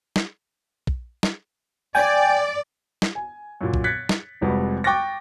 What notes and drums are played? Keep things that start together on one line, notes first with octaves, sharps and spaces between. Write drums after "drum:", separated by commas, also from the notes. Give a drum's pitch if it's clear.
drum: snare
drum: kick
drum: snare
D5 G5 G#5
drum: snare
G#5
F#2 A#2
drum: kick
F#6 G#6 A6 B6 C#7
drum: snare
F1 F2 G3 G#3 F#4 B4
G5 C#6 D6 F#6 A6 A#6